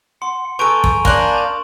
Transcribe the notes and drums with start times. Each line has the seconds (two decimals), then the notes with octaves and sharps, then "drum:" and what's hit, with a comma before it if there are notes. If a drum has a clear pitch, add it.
0.22 F#5 C6
0.59 B3 A4 G#5 A#5 C#6 G6 D7
0.84 drum: kick
1.05 A#3 D4 C6 F#6 F#7, drum: kick